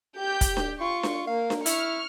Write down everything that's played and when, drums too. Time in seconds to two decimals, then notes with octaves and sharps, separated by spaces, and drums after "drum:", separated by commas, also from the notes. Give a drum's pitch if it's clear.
0.19 G4 G6
0.41 drum: kick, hi-hat
0.57 drum: snare D4
0.81 F4 C#6
1.03 drum: snare D4
1.27 A#3 F5
1.50 drum: snare D4
1.66 E4 C#6 F6, drum: hi-hat